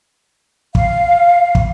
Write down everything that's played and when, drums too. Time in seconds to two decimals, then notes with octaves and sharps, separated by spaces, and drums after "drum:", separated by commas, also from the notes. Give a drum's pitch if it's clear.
0.75 F5, drum: kick
1.55 drum: kick